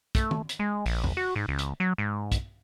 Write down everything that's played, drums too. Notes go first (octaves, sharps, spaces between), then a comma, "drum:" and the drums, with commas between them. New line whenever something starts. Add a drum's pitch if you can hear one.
A3, drum: kick, hi-hat
drum: tom
drum: hi-hat
G#3
A#1, drum: open hi-hat
drum: tom E2
F#4
G#2
C#2
drum: hi-hat
F#3
G#2
drum: kick, hi-hat